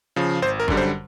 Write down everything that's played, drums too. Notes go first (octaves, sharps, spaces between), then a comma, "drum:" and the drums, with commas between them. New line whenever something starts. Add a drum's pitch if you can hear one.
C#3 F3
G#1 C5
A#4
F#2 D3 G3, drum: kick
C5